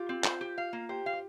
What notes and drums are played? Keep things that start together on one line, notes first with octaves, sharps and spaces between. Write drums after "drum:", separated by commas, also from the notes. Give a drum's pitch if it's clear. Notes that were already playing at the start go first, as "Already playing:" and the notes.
Already playing: F4 G4
C4
C5, drum: clap
G4
F5
A#3
G4 C5
F5
G4